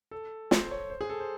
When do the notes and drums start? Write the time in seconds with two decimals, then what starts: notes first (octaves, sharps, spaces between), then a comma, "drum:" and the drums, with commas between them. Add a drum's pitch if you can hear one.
0.11 A4
0.51 C5, drum: snare
0.71 C#5
0.90 C5
1.01 G#4
1.09 A4
1.20 C5